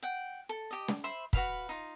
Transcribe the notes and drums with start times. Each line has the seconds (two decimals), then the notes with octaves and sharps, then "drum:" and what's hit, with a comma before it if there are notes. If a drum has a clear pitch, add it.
0.03 F#5 G5
0.49 A4
0.71 G4 D#5
0.88 drum: snare
1.04 C5 E5 B5 C6
1.33 F#4 B4 F5 B5, drum: kick
1.69 D#4 F4